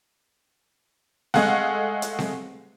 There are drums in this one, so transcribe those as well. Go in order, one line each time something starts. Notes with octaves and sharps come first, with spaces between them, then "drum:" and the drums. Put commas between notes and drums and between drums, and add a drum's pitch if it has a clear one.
G#3 A3 G#4 F5 F#5, drum: snare C4
drum: hi-hat
drum: snare C4